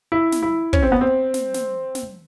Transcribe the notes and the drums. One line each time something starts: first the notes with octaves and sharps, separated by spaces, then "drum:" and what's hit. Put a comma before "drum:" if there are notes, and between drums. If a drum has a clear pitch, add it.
E4
drum: snare
E4
C#4, drum: kick
C4
B3
C4
drum: snare
drum: snare
drum: snare